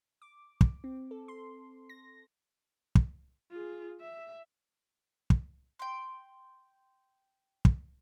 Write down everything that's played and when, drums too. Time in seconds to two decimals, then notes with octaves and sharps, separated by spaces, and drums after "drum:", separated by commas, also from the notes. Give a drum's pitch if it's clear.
0.22 D6
0.61 drum: kick
0.84 C4
1.11 A4
1.28 C6
1.89 A#6
2.95 drum: kick
3.52 F4 G#4
4.01 E5
5.30 drum: kick
5.79 G5 C6
7.65 drum: kick